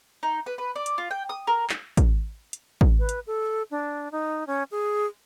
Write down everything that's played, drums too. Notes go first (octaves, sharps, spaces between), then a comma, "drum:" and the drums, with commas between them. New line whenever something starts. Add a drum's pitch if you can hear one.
D#4
B4
B4
D5
drum: hi-hat
F4
G5
D#6
A#4
drum: clap
drum: kick A1, hi-hat
drum: hi-hat
drum: kick A1
B4
drum: hi-hat
A4
D4
D#4
C#4
G#4